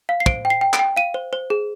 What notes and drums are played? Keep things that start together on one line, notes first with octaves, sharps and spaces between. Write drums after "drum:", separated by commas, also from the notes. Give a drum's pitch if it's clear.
F5
C7
C5 D7, drum: kick
G5
C7
G5
D7, drum: clap
G5
F5 D#7
C5
C5
G#4